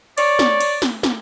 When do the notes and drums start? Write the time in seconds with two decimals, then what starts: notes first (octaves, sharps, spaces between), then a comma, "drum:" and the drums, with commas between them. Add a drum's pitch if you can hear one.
0.18 C#5 D5, drum: cymbal
0.39 drum: snare
0.60 drum: cymbal
0.82 drum: snare
1.03 drum: snare